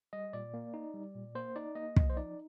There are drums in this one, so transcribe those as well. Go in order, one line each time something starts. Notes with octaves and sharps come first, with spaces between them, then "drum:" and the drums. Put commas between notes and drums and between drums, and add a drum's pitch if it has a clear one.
G3 D#5
A#2 D5
A#3
D#4
G3
A#2
A#3 C5
D#4 D5
A#3 D#5
F3, drum: kick
C5
D#4 D5